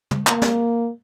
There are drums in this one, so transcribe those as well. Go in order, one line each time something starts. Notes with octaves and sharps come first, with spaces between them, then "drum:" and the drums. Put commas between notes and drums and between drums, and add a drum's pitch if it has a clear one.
drum: tom
A#3, drum: clap
drum: snare